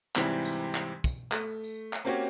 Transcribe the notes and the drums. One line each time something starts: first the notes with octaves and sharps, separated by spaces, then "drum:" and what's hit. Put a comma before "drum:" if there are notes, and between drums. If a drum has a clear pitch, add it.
G#2 C3 E3 G3 C4 E4, drum: clap
drum: tambourine
drum: clap
drum: kick, tambourine
A3, drum: clap
drum: tambourine
drum: clap
A#3 C4 C#4 F#4 G4 C#5